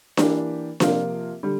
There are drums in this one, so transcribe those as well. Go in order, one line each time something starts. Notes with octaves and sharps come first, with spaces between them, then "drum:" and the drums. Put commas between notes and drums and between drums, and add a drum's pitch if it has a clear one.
E3 A#3 D4 G4, drum: snare D4
C3 F3 A#3 F4, drum: snare D4
D3 G3